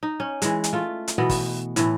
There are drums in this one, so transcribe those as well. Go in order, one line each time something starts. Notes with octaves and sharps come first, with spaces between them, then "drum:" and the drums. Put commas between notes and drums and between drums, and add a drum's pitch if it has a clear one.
D#4
C#4
E3 G#3, drum: hi-hat
drum: hi-hat
A3 F4
drum: hi-hat
B2 E3 B3 D#5
drum: kick, open hi-hat
A2 E3, drum: hi-hat